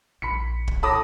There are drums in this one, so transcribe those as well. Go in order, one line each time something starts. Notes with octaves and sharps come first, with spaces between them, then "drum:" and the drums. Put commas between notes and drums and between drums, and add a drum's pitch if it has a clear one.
A#1 B5 B6 C#7
drum: kick
A2 A5 B5 D6 D#6 A#6